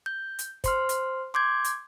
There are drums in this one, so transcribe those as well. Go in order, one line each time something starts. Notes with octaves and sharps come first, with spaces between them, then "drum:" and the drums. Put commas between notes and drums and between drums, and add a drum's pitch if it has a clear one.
G6
drum: hi-hat
C5 C6 F6, drum: kick, hi-hat
drum: hi-hat
C6 D6 G6 G#6
drum: hi-hat